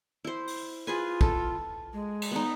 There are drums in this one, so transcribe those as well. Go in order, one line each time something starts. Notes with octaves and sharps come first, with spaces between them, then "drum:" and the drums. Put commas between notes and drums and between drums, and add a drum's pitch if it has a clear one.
E4 C5
drum: open hi-hat
F4 G#4 B4 G#5
A4, drum: kick
G#3
drum: cymbal
B3 D#4